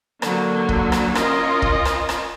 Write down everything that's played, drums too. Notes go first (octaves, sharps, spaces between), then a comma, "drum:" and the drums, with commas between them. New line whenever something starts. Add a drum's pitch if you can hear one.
D3 F#3 A#3, drum: rim click
drum: kick
drum: rim click
C#4 F4 A#4 D#5, drum: rim click
drum: kick
drum: rim click
drum: rim click